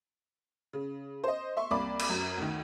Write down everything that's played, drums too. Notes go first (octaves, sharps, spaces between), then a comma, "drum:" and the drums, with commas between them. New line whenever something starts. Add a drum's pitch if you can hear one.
C#3
C5 D#5
E5 C6 C#6
C2 A#3 D5 B5 D6
drum: cymbal
F#2
D2 D#3